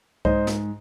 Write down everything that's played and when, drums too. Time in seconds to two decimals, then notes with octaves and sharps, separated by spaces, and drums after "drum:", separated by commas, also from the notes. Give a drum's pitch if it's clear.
0.25 G#2 C5 D#5, drum: kick C2
0.47 drum: snare